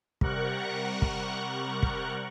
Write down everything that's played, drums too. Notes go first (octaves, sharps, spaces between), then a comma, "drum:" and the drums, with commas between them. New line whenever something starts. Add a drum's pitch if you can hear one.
C3 G3 A#4 F#5 C#6 F#6, drum: kick
drum: kick
drum: kick